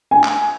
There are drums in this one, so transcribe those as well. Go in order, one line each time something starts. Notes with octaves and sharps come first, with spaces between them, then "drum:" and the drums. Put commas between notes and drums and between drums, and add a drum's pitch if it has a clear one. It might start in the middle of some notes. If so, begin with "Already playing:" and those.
G#5
drum: clap